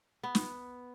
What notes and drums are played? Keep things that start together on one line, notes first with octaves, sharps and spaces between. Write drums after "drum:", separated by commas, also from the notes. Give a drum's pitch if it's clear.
B3
drum: snare